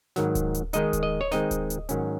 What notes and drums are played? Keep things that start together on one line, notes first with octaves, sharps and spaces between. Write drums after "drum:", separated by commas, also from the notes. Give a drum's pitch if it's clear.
G#2 D#3 F#3, drum: snare
drum: kick D1, hi-hat
drum: hi-hat
D#3 G#3 D#4 D#5, drum: hi-hat
drum: kick D1, hi-hat
D#5
C#5
D#3 G#3 C4 D#4 D#5, drum: snare
drum: kick D1, hi-hat
drum: hi-hat
G#2 D#3 F#3 C#4, drum: hi-hat